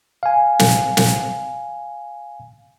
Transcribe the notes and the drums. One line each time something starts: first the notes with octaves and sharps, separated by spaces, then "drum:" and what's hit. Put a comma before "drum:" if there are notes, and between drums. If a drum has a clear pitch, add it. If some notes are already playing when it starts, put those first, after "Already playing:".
F5 G#5
drum: snare
drum: snare